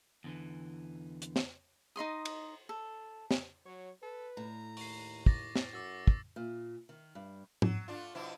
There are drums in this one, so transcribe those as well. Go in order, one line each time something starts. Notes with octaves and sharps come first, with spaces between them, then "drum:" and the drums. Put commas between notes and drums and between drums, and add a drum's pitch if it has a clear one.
E2 D3 E3
drum: hi-hat
drum: snare
D#4 D#5 C6 D#6
drum: cymbal
A4
drum: snare
F#3 C#5
A4 B4
A2 A#5
D#2 C#6 C7, drum: open hi-hat
D6 A6 A#6, drum: kick
drum: snare
F#2 F#4 D6 E6 A6
drum: kick
A#2
D#3
G2
F#3, drum: tom G#2
A3 D4 F4
B2 F3 E4